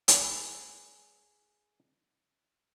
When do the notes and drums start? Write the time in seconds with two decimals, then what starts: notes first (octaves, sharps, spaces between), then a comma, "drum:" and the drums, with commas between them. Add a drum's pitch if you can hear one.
0.08 G#4 B4, drum: hi-hat